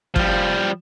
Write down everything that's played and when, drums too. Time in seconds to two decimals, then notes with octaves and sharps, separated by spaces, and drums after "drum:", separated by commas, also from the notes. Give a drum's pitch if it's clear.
0.16 F3 G3, drum: kick